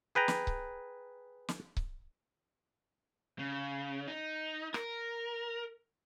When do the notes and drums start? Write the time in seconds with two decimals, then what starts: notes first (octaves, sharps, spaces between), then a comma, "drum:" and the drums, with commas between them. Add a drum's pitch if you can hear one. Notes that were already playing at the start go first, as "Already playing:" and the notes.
0.15 G#4 B4 G5 A#5
0.28 drum: snare
0.47 drum: kick C#1
1.49 drum: snare
1.77 drum: kick C#1
3.39 C#3
4.08 D#4
4.74 A#4, drum: rim click